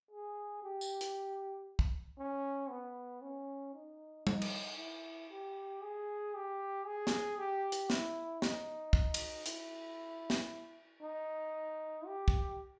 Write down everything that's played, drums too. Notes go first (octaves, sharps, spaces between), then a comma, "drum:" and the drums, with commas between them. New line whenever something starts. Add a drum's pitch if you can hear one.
G#4
G4
drum: tambourine
drum: hi-hat
drum: kick
C#4
B3
C#4
D#4
D#4, drum: tom G3
drum: cymbal
E4
G4
G#4
G4
G#4
drum: snare
G4
drum: hi-hat
E4, drum: snare
D#4, drum: snare
drum: kick
drum: cymbal
E4, drum: hi-hat
drum: snare
D#4
G4
drum: kick